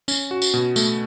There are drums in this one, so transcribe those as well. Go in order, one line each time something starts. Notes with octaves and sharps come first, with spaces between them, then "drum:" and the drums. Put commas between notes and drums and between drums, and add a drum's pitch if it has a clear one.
C#4, drum: tambourine
F#4
drum: tambourine
B2
A3, drum: tambourine